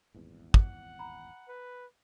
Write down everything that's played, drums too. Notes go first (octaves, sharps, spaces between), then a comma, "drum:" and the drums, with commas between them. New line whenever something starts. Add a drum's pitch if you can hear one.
D#1 G#1 E2
F#5, drum: kick
A#5 B5
B4